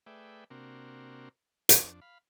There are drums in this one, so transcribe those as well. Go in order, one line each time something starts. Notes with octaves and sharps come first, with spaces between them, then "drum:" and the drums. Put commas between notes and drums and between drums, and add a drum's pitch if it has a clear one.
A3 G#4 B4 D5 E5 G5
C3 A#3 C4 D4 F#4 A#4
F2 D4, drum: hi-hat
F5 B5